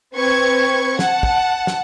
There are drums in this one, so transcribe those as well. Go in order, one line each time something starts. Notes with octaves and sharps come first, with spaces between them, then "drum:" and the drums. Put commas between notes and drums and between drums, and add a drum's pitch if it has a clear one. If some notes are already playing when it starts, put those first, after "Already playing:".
C4 B4 C#6 G#6
F#5 A5, drum: snare
drum: kick
drum: snare